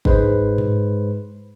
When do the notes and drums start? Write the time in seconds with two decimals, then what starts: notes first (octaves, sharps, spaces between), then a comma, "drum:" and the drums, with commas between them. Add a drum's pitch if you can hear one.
0.05 G#2 G#3 B4 C5, drum: kick G1
0.58 drum: tom G#2